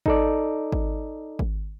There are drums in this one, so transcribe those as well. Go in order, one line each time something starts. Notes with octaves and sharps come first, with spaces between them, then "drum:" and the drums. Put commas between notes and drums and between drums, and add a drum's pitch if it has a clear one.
D#4 A4 D5, drum: kick G#1
drum: kick G#1
drum: kick G#1